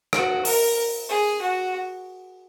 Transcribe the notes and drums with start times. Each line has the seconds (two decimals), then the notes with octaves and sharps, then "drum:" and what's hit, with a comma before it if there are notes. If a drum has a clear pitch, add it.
0.13 F#4, drum: rim click
0.45 A#4, drum: open hi-hat
1.09 G#4
1.41 F#4